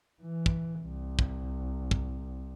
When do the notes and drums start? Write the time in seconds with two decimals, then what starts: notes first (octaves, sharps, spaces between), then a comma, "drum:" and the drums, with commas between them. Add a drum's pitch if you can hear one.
0.22 E3
0.46 drum: kick
0.82 C2
1.19 drum: kick
1.91 drum: kick